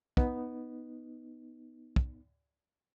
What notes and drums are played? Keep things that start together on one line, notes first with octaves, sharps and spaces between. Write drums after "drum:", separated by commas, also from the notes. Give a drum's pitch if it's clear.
B3 D#4, drum: kick
drum: kick